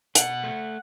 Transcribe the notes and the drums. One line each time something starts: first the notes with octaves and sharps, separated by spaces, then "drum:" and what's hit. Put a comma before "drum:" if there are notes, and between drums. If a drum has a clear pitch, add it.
B2 F#5, drum: hi-hat
A3